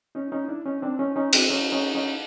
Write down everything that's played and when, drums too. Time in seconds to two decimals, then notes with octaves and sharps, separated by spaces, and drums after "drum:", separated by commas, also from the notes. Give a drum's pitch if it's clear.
0.15 C#4 D#4
0.32 C#4 D#4
0.49 D4 E4
0.65 C#4 D#4
0.82 C4 D4
0.99 C#4 D#4
1.16 C#4 D#4
1.33 C4 D4, drum: cymbal
1.50 C#4 D#4
1.72 C#4 D#4
1.94 C#4 D#4